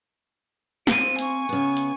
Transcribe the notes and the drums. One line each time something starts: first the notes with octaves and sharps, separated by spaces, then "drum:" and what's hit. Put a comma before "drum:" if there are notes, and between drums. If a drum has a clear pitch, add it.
C4 C5 F5 D7 D#7, drum: snare
G#5 C#6, drum: hi-hat
C#3 B3
drum: hi-hat